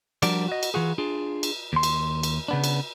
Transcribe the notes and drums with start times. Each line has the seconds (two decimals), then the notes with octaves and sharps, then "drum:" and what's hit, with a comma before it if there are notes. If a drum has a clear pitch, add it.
0.22 F3 G3 D4 F#4 A#4 D5, drum: cymbal
0.49 F#4 D#5
0.63 drum: cymbal
0.74 E3 F4 F#4 G#4
0.98 D4 F4 G#4
1.43 drum: cymbal
1.73 D#2 C6
1.83 drum: cymbal
2.23 drum: cymbal
2.48 C#3 B3 D4
2.64 drum: cymbal